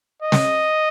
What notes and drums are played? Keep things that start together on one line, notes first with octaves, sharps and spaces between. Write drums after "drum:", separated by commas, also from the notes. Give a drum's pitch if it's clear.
D#5
drum: snare